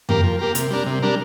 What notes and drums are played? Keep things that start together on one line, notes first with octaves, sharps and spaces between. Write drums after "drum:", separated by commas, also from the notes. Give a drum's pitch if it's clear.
A#3 G4 A#4, drum: tom F2
F3
A#3 G4 A#4
C3, drum: hi-hat
G3 D4 A#4
C3
G3 D4 A#4